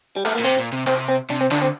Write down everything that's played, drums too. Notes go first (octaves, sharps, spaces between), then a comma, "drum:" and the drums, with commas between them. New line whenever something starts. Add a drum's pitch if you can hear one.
G3
A3, drum: clap
A#3
A#2
C3 C4
A#2
C3
C3 C4, drum: clap
C4
C3 D4
C4
D3 D4, drum: clap
C4